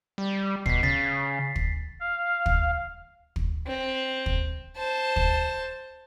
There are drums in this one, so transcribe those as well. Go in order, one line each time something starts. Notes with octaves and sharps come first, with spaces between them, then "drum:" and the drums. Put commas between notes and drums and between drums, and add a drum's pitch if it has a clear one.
G3
B2 B6 C7, drum: kick
C#3 A6 B6
drum: kick
F5
drum: kick
drum: kick
C4
drum: kick
C5 A5
drum: kick